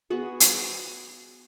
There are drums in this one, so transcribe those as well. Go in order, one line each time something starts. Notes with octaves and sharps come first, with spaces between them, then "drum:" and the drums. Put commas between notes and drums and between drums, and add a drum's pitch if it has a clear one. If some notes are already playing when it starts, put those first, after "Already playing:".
B3 F#4 G#4
drum: hi-hat